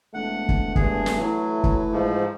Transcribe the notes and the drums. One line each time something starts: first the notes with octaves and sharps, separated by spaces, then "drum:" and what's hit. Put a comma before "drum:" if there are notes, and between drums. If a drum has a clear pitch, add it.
E1 A3 F#5
drum: kick
G2 G#4, drum: kick
drum: snare
E3 F#3
drum: kick
G#2 F3